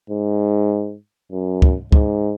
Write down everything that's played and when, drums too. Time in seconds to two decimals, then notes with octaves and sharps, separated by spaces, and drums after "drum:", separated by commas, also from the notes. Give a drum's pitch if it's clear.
0.10 G#2
1.32 F#2
1.62 drum: kick
1.92 G#2, drum: kick